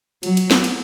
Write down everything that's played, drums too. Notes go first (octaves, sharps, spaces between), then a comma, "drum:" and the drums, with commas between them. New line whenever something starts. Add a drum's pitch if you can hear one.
F#3, drum: cymbal
drum: cymbal
drum: snare
drum: cymbal